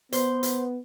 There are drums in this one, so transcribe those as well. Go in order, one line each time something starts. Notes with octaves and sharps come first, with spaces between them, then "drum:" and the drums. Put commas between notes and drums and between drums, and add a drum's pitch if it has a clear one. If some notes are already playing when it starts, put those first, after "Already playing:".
B3 C5, drum: hi-hat
drum: hi-hat